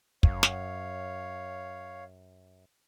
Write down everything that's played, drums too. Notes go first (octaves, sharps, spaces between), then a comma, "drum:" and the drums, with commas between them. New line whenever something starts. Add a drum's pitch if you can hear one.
F#2 C#5 F5, drum: kick
drum: snare